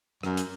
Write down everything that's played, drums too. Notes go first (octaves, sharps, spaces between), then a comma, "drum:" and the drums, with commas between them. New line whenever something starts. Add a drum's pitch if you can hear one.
F#2, drum: rim click
drum: hi-hat